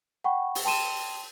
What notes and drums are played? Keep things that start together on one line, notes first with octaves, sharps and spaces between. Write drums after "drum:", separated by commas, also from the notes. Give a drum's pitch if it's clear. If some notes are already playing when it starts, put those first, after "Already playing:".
F#5 G5 B5 C#6
drum: open hi-hat
G5 A5 C6 D#7 E7